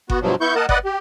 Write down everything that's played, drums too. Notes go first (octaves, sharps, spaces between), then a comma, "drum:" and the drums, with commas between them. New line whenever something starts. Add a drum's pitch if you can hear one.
B3 F#4, drum: kick G1
G2 B2 F3 F#3
B3 E4 C#6 G6
A#3 A#4 D#5 F#5 A5
B4 D5 D#5 F#5, drum: kick G1
G4